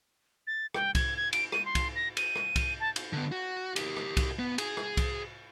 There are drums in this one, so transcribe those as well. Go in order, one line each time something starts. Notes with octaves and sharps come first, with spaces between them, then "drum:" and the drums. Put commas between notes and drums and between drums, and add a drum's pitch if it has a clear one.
A6
G5, drum: rim click
G#6, drum: kick C2, cymbal
G#6
D7, drum: cymbal
D#7, drum: rim click
C6
drum: kick C2, cymbal
A#6
D#7, drum: cymbal
drum: rim click
drum: kick C2, cymbal
A5
drum: cymbal
D3 B3
F#4
G4 A#4, drum: cymbal
drum: rim click
drum: kick C2, cymbal
B3
G#4, drum: cymbal
drum: rim click
drum: kick C2, cymbal